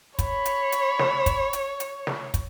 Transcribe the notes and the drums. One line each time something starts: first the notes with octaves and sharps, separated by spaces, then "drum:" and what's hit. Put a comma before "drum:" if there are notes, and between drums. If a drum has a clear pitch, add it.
C#5 B5, drum: kick, hi-hat
drum: hi-hat
drum: hi-hat
drum: snare
drum: kick, hi-hat
drum: hi-hat
drum: hi-hat
drum: snare
drum: kick, hi-hat